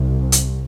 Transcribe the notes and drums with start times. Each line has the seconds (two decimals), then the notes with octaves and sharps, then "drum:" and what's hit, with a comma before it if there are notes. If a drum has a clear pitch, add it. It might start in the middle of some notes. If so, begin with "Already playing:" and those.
Already playing: C2 C3
0.32 drum: hi-hat